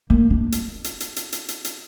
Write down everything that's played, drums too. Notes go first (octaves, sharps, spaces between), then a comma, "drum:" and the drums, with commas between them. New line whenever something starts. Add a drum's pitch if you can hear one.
A#3
D4
drum: hi-hat
drum: hi-hat
drum: hi-hat
drum: hi-hat
drum: hi-hat
drum: hi-hat
drum: hi-hat